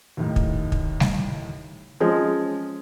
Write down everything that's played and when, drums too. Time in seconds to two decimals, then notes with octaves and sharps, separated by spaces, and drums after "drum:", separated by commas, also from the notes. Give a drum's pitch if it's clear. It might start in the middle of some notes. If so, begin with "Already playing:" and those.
0.17 D#2 A2 D#3
0.36 drum: kick
0.72 drum: kick
1.00 drum: snare G3
2.00 F3 G#3 C#4